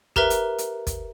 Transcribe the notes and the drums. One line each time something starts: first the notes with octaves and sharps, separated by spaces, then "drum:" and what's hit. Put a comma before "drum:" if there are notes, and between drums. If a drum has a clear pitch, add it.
G4 A#4 B4 E5 A#5, drum: kick
drum: hi-hat
drum: hi-hat
drum: kick, hi-hat